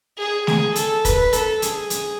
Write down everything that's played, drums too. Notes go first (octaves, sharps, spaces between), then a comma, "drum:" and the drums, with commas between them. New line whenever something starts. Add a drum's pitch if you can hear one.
G#4
G#4, drum: snare A3
A4, drum: hi-hat
B4, drum: kick, hi-hat
A4, drum: hi-hat
G#4, drum: hi-hat
drum: hi-hat